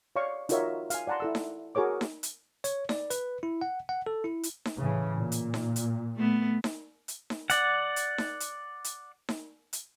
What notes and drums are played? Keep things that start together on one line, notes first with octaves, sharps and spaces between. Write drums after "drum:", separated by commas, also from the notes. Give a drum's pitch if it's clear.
C#5 D5 F5 C#6
D#4 F4 F#4 A#4 C#5 E5, drum: hi-hat
F5 G#5, drum: hi-hat
D5 F#5 A5 A#5 C6
E4 A4 E6
drum: snare D#4
F#4 G#4 A#4 C#5 D6
drum: snare D#4
drum: hi-hat
C#5, drum: hi-hat
D5, drum: snare D#4
B4, drum: hi-hat
E4
F#5
F#5
A4
E4
drum: hi-hat
drum: snare D#4
A2 C#3 E3
A#2
drum: hi-hat
drum: snare D#4
drum: hi-hat
A3 B3
drum: snare D#4
drum: hi-hat
drum: snare D#4
D5 F#5, drum: hi-hat
drum: hi-hat
drum: snare D#4
drum: hi-hat
drum: hi-hat
drum: snare D#4
drum: hi-hat